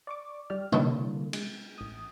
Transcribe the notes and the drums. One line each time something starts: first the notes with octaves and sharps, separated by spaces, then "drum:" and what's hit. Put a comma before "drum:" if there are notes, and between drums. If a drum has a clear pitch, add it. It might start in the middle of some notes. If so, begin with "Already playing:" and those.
D5 C#6 D6
G3 G4 D5 F6
A#2 D3 E3 G3 A#3, drum: tom
G#3, drum: cymbal
A1 D#6